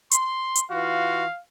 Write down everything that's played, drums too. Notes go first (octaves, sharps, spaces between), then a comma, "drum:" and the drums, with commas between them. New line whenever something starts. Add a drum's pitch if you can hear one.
C6, drum: hi-hat
drum: hi-hat
E3 F4 F#4 F5